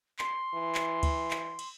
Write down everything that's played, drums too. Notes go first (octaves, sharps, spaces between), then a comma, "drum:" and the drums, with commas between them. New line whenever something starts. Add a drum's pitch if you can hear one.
C6, drum: clap
E3
drum: clap
drum: kick D2, cymbal
drum: clap
drum: cymbal